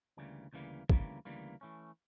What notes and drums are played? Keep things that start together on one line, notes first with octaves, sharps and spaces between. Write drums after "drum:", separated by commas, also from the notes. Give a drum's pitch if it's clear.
D2 C#3 E3 G3 A#3
D2 C#3 E3 G3 A#3
D2 C#3 E3 G3 A#3, drum: kick
D2 C#3 E3 G3 A#3
E3 A3 C#4